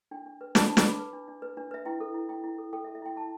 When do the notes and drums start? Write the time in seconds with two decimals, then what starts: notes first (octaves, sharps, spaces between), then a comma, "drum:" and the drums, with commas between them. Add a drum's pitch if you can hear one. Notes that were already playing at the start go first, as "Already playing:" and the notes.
0.11 D4 G5
0.26 D4
0.41 B4
0.55 B4 A5, drum: snare
0.66 B5
0.69 D4
0.77 D6, drum: snare
0.84 B4 B5
0.99 B4
1.13 D4
1.28 D4
1.42 B4
1.57 D4
1.71 B4 E5
1.85 E4 G5
2.00 A4
2.14 E4
2.29 E4 G5
2.44 E4
2.58 A4
2.73 A4 G5
2.84 A4 E5
2.95 E5
3.02 E4 G5
3.16 E4 A5